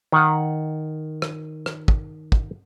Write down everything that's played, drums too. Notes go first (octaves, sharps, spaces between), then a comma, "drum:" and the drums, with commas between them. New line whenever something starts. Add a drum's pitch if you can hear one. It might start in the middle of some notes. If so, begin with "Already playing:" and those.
D#3 F#5
drum: rim click
drum: rim click
drum: kick
drum: kick